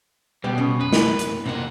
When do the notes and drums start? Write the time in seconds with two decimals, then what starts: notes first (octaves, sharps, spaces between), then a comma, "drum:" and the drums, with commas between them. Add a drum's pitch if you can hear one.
0.44 B2 G3 B3 G4
0.58 C#3 C#4
0.81 F#2 B4
0.93 drum: snare
1.19 drum: hi-hat
1.46 F2 C3 A#3 F#5